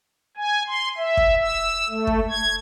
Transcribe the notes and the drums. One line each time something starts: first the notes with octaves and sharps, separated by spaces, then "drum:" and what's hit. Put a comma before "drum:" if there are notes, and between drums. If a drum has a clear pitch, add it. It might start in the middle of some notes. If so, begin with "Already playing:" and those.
G#5
C6
E5
drum: kick
E6
A3
drum: kick
G#6